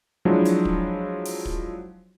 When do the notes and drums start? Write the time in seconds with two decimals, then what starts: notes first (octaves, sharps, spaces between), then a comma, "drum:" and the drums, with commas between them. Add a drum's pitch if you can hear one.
0.25 F3 F#3 G#3 D4 E4
0.45 drum: hi-hat
0.65 drum: kick
1.25 drum: open hi-hat
1.45 drum: kick